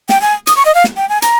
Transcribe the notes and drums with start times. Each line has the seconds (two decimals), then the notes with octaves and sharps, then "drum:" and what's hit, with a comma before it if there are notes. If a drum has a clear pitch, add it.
0.09 G5, drum: snare
0.22 G#5
0.47 D#6, drum: hi-hat
0.56 C#6
0.65 D#5
0.75 F5
0.84 drum: snare
0.97 G5
1.09 G#5
1.22 A#5, drum: hi-hat